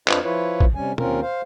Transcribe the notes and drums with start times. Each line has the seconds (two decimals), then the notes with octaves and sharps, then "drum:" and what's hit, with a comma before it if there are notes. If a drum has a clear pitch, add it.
0.08 F2 D4 F4 B4 C5 D#5, drum: clap
0.24 F3 E4 F4 B4 C#5
0.60 drum: kick
0.75 C3 G3 C#4 G#5
0.98 D#2 C4 C#4 F4 A#4, drum: tom
1.21 C5 F5